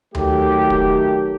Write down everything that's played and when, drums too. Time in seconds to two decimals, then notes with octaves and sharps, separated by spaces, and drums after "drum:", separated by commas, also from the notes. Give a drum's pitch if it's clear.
0.15 D#3 F#3 A3 G4, drum: tom D2
0.70 drum: kick